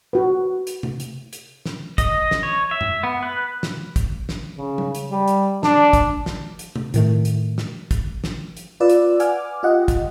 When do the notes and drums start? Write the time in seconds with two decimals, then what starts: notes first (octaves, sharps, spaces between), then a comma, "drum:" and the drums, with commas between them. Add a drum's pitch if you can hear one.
0.13 F#4 B4
0.67 drum: hi-hat
0.83 drum: tom C3
1.00 drum: hi-hat
1.33 drum: hi-hat
1.66 drum: snare
1.98 D#5, drum: kick, hi-hat
2.31 drum: snare
2.43 C#5
2.71 E5
2.81 drum: tom F#2
3.03 B3
3.23 B4
3.63 drum: snare
3.96 drum: kick, hi-hat
4.29 drum: snare
4.58 C#3
4.78 drum: tom
4.95 drum: hi-hat
5.11 G3
5.28 drum: hi-hat
5.63 D4, drum: snare
5.93 drum: kick, hi-hat
6.26 drum: snare
6.59 drum: hi-hat
6.76 drum: tom C3
6.94 A2 D#3 A3, drum: hi-hat
7.25 drum: hi-hat
7.58 drum: snare
7.91 drum: kick, hi-hat
8.24 drum: snare
8.57 drum: hi-hat
8.80 F4 B4 D5 E6
8.89 drum: hi-hat
9.20 F#5 G#5 D6 F6, drum: hi-hat
9.63 F4 G4 D#5 F#5
9.88 drum: kick, hi-hat